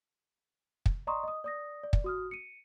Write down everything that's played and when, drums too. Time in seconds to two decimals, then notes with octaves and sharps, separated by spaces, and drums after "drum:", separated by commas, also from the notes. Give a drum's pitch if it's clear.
0.86 drum: kick
1.07 D5 D#5 A#5 C6 C#6 D#6
1.23 D#5 D#6
1.44 D5 D#6 A#6
1.83 D5
1.93 drum: kick
2.04 F#4 D#6 F6
2.31 C#7 D#7